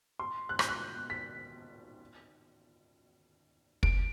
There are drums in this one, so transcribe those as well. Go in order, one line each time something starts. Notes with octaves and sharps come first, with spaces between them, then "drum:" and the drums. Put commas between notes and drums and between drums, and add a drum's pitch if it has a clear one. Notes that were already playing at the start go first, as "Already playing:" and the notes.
C6
F#6
G6, drum: rim click
F#6
B6
D7, drum: kick